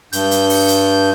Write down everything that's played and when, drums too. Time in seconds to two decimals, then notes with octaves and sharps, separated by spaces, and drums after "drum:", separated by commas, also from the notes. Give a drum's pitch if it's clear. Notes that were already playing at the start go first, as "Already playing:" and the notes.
0.13 G2 G6, drum: hi-hat
0.31 drum: hi-hat
0.50 drum: open hi-hat
0.68 drum: hi-hat